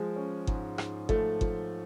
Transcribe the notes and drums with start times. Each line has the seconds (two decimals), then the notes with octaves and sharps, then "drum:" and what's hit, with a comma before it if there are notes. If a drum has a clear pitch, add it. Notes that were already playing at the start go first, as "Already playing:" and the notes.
Already playing: F3 G#3
0.16 C#4
0.47 G#2, drum: kick G1
0.78 G#2, drum: rim click
1.09 F3 A3, drum: kick G1
1.41 F3, drum: kick G1